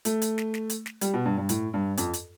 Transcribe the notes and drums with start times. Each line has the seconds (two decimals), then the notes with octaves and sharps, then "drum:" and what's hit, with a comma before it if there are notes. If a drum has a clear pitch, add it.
0.05 A3, drum: hi-hat
0.22 drum: hi-hat
0.38 drum: snare
0.54 drum: snare
0.70 drum: hi-hat
0.86 drum: snare
1.01 G3, drum: hi-hat
1.14 B2
1.25 G2
1.38 G2
1.49 A2, drum: hi-hat
1.74 G2
1.98 F2, drum: hi-hat
2.14 drum: hi-hat